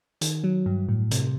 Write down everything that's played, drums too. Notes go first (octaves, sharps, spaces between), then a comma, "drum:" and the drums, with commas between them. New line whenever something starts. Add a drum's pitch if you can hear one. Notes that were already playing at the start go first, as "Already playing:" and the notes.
D#3, drum: hi-hat
F#3
G2
A2
C3, drum: hi-hat